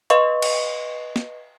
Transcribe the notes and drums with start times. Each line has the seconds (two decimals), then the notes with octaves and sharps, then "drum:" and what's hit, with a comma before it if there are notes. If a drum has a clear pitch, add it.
0.10 B4 D#5 F5 C6 C#6, drum: hi-hat
0.42 drum: cymbal
1.16 drum: snare